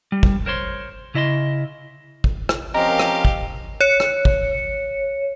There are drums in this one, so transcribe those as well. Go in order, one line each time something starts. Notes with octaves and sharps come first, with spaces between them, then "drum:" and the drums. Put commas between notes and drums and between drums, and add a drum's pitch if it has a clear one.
G3
drum: kick
A#4 C5 C#5 C6
C#3 E4 D#5 B5 C6
drum: kick
drum: rim click
F3 C4 C#4 G4 A#4 D#5 F5 A#5
drum: rim click
drum: kick
C#5 C#7
drum: rim click
drum: kick